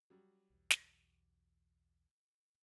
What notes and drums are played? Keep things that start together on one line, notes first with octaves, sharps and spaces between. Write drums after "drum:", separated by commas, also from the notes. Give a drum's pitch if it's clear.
F#3 G3
B1 E2
drum: snare